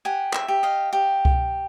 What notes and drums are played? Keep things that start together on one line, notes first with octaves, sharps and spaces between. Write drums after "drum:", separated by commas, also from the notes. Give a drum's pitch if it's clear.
G4 F#5 G#5
E5, drum: clap
G4
D#5 F5
G4
drum: kick C2